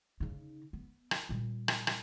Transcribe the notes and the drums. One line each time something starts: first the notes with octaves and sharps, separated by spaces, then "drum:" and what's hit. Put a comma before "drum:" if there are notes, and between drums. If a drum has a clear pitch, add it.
C#3 D#4
B3
drum: rim click
A#2 G3
drum: rim click
drum: rim click